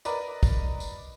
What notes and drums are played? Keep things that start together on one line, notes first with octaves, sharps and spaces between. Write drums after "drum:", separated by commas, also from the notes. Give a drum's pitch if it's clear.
A#4 B4 D5 D#5, drum: tambourine
drum: kick, tambourine
drum: tambourine